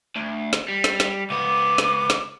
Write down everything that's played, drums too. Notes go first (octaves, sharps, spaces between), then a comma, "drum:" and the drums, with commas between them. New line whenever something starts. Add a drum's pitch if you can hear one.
D2
drum: snare
G3
drum: snare
drum: snare
C#2 B3 D6
drum: snare
drum: snare